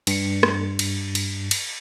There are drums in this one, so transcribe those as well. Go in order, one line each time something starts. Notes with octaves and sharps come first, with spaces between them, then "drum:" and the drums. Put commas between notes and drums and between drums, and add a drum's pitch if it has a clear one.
G2 C#7, drum: cymbal
drum: rim click
drum: cymbal
drum: cymbal
drum: cymbal